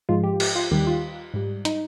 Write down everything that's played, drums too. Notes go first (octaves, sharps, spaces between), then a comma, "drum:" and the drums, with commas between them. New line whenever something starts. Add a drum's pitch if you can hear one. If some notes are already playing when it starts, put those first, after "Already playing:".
G#2 F3 G#3 F4
G4
G4, drum: cymbal
F4
D#2 D#3 G3 G4
F4
G#2 G3
D#4, drum: hi-hat